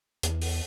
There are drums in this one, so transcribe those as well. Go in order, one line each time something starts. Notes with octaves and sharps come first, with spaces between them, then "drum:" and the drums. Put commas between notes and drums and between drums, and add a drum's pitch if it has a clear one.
E2, drum: hi-hat
drum: open hi-hat